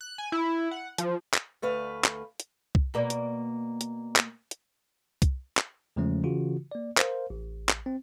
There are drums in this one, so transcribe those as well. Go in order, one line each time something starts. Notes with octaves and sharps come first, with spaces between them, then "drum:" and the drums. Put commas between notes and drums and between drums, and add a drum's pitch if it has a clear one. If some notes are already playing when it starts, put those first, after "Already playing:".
F#6
G#5
E4
F#5
F3, drum: hi-hat
drum: clap
D2 A3 B4 F5
drum: clap
drum: hi-hat
drum: kick C2
B2 A#3 D5
drum: hi-hat
drum: hi-hat
drum: clap
drum: hi-hat
drum: kick C2, hi-hat
drum: clap
E2 C#3 F3 G#3 A3 C#4
C#3 E3 F4 F#4
A#3 D5
A#4 C5 F5, drum: clap
A1
drum: clap
C4